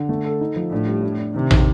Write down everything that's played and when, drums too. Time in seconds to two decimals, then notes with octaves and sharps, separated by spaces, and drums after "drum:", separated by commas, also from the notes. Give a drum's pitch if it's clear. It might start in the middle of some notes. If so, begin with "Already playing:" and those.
Already playing: D3
0.09 A3
0.25 A4
0.41 D#4
0.56 F3
0.71 A2 D4
0.87 G3
1.03 D4
1.19 D4
1.34 C3 D#3
1.51 D#3, drum: tom